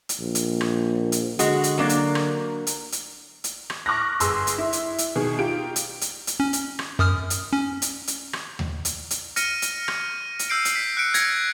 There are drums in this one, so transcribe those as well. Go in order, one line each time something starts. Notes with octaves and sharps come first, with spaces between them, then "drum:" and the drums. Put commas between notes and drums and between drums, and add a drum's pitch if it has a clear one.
drum: hi-hat
A#1
drum: hi-hat
drum: rim click
drum: hi-hat
D3 G#3 F#4, drum: hi-hat
drum: hi-hat
F#3 A#3 D4
drum: hi-hat
drum: rim click
drum: hi-hat
drum: hi-hat
drum: hi-hat
drum: rim click
C#6 D6 F6 F#6 A#6
G1 G#4 C6 E6, drum: hi-hat
drum: hi-hat
E4
drum: hi-hat
drum: hi-hat
B2 D#3 G#4
D#4 F4 G4 D7
drum: hi-hat
drum: hi-hat
drum: hi-hat
C#4
drum: hi-hat
drum: rim click
F#2 D#6 F6
drum: hi-hat
C#4
drum: hi-hat
drum: hi-hat
drum: rim click
drum: tom D#2
drum: hi-hat
drum: hi-hat
F6 A#6 C#7 D#7, drum: hi-hat
drum: hi-hat
drum: rim click
drum: hi-hat
E6 G6 C7 D7 D#7
drum: hi-hat
B6
F#6 C#7 D7
G#6 A#6 C#7, drum: hi-hat